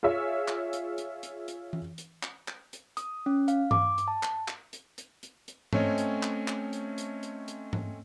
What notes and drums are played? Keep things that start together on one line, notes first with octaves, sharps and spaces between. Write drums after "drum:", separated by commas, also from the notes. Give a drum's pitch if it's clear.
F4 G#4 C#5 E5
drum: clap
drum: hi-hat
drum: hi-hat
drum: hi-hat
drum: hi-hat
drum: tom E3
drum: hi-hat
drum: clap
drum: clap
drum: hi-hat
D#6, drum: hi-hat
C#4
F5, drum: hi-hat
D6, drum: tom G2
drum: hi-hat
A5
drum: clap
drum: clap
drum: hi-hat
drum: hi-hat
drum: hi-hat
drum: hi-hat
A3 C4 C#4 C#5 D#5, drum: tom G#2
drum: hi-hat
drum: clap
drum: clap
drum: hi-hat
drum: hi-hat
drum: hi-hat
drum: hi-hat
drum: tom G#2